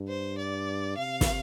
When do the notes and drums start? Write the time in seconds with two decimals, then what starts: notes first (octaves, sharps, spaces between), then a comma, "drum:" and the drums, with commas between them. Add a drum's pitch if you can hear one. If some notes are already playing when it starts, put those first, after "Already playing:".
Already playing: G2
0.08 C5
0.38 D5
0.98 C3 F5
1.21 drum: snare